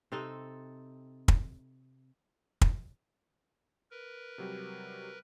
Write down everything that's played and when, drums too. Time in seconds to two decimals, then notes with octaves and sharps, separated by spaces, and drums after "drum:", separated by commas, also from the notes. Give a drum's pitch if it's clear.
0.12 C3 C4 D#4 A4
1.28 drum: kick
2.61 drum: kick
3.91 A#4 B4
4.38 C3 F#3 G3